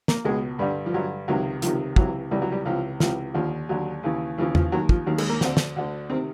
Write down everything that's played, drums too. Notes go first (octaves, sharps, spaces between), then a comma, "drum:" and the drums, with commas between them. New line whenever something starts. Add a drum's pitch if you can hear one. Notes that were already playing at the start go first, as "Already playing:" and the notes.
A#3, drum: snare
C#2 B2 G#3
G2 D3 G3
F3
G2 D3 F#3
C#2 C3 D#3 F#3
C#2 C3 D#3 F3, drum: hi-hat
C#2 C3 E3 F#3, drum: kick
C#2 C3 E3 G3
F#3
G3
C#2 C3 E3 F3
C#2 C3 E3 F3, drum: snare
D#2 D3 F3
D#2 D3 F#3
D#2 C#3 E3
D#2 C#3 E3 F3
F3, drum: tom E2
D#2 D#3 F#3
F3, drum: kick
D#2 D#3 F#3
G#3, drum: cymbal
A#3
D2 D3 C4, drum: snare
drum: snare
D2 D3
C3 D#3 C4